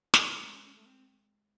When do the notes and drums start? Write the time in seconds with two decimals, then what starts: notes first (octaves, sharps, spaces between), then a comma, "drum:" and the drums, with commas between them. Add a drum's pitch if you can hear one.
0.14 A3, drum: snare
0.20 G#3 C4
0.31 C4
0.42 C#4
0.53 C#4
0.65 C#4
0.76 A3
0.86 C4